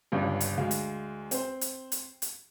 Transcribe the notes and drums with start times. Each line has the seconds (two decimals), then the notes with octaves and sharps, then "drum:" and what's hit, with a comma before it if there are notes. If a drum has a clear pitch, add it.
0.12 G1 C#2 G2
0.40 drum: hi-hat
0.57 D2 G#3 F5
0.71 drum: hi-hat
1.31 C4 C5, drum: hi-hat
1.61 drum: hi-hat
1.92 drum: hi-hat
2.22 drum: hi-hat